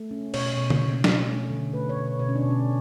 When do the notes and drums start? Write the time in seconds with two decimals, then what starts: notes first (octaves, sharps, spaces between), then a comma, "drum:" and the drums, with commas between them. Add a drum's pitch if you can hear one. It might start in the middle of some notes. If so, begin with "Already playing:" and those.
Already playing: A3
0.11 C#4
0.34 B2 C#5, drum: cymbal
0.57 B2
0.70 drum: tom C#3
0.80 C#4
1.04 C#4, drum: snare F#3
1.27 A3
1.50 D3
1.74 A3 B4
1.89 C#5
1.96 B2
2.19 B2 C#5
2.29 C#4
2.36 D4
2.44 B2
2.51 C#4